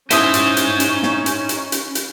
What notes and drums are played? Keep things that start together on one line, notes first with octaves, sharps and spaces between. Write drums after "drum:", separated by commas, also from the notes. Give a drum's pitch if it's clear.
C#4 D#4 E4 C5 C6 D#6, drum: hi-hat
drum: hi-hat
drum: hi-hat
drum: hi-hat
drum: snare
drum: hi-hat
drum: hi-hat
drum: hi-hat
drum: hi-hat